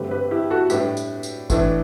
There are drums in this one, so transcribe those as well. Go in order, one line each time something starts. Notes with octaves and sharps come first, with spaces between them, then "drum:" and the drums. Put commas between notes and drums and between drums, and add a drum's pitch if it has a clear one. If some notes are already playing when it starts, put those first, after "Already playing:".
Already playing: G2 D3 A3 C4 G4 B4
G4 B4
E4 G4
F#4 A4
A2 G3 D4 G4 B4, drum: tambourine
drum: tambourine
drum: tambourine
A2 E3 A3 D4, drum: kick F#1, tambourine